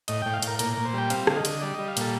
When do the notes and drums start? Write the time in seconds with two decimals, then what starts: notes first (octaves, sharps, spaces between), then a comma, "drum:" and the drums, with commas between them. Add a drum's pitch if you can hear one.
0.08 A2 D#5, drum: hi-hat
0.22 A2 G5
0.34 F5
0.42 A2, drum: hi-hat
0.48 A#4
0.59 A#2 A#4, drum: hi-hat
0.73 A#2 A#4
0.85 C5
0.94 G3 G5
1.10 C4 F5, drum: hi-hat
1.27 D3, drum: rim click
1.36 D#5
1.45 D3, drum: hi-hat
1.61 G3 D5
1.74 G3 D#5
1.88 F5
1.97 A#2 A4, drum: hi-hat